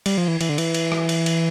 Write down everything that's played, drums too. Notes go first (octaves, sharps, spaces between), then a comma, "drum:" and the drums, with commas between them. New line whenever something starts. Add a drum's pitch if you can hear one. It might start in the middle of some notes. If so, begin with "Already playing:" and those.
G3, drum: cymbal
F3
E3
E3, drum: cymbal
D3
E3, drum: cymbal
drum: cymbal
drum: rim click
drum: cymbal
drum: cymbal